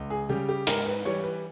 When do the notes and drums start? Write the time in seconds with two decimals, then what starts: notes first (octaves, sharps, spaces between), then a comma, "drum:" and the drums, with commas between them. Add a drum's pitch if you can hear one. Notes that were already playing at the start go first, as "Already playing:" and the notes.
Already playing: C#2
0.10 G#4
0.29 C#3 G3 G4
0.49 G4
0.67 G#2 A#4, drum: hi-hat
0.86 B4
1.05 E3 G3 C#5
1.23 B4